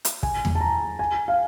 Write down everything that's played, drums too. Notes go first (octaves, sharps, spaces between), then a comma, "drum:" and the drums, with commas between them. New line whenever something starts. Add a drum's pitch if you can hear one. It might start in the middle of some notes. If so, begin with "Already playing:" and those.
drum: hi-hat
G#5, drum: kick
drum: tom E2
A5
A#5
G#5
F5